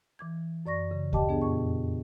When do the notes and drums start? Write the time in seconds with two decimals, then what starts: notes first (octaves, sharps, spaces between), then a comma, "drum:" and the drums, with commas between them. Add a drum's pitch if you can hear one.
0.19 E3 D6 G#6
0.66 F#2 D5 C#6 A#6
0.91 C#3
1.13 G4 D#5 G5 A5 D6, drum: kick D2
1.29 B3 D4 G#4
1.42 F2 A#2 C#6